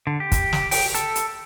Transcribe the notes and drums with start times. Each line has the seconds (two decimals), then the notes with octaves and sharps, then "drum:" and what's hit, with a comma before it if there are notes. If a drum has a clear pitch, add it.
0.07 D3
0.20 G4
0.32 drum: kick, hi-hat
0.53 drum: snare
0.71 G5, drum: open hi-hat
0.95 A4, drum: hi-hat
1.15 drum: hi-hat